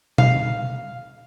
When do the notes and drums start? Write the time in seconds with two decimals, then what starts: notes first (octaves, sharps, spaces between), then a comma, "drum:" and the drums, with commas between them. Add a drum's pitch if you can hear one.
0.18 F5, drum: tom